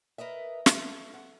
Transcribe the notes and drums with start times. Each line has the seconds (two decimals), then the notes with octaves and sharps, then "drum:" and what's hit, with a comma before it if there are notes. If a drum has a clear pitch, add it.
0.18 A#4 B4 D#5 E5
0.66 F4 A4 E5, drum: snare
1.14 F#5